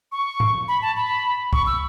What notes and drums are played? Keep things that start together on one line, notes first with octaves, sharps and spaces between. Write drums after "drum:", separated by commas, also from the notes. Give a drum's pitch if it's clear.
C#6
drum: tom G#2
B5
A5
B5
C#6, drum: kick
E6